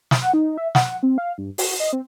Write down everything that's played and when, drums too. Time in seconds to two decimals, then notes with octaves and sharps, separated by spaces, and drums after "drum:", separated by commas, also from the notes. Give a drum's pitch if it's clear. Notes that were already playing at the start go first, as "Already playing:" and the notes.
0.11 drum: snare
0.21 F#5
0.34 D#4
0.58 E5
0.75 F#5, drum: snare
1.03 C4
1.18 F5
1.38 G2
1.58 F#4, drum: open hi-hat
1.80 D#5
1.93 C4